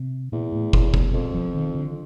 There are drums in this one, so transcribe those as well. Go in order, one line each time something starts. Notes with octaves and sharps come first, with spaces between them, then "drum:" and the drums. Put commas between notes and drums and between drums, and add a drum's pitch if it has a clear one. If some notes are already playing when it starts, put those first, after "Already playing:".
Already playing: C3
E2 A#2
A2
A#2, drum: kick
B2, drum: kick
A#2
F2 B2
F3
D#3
D3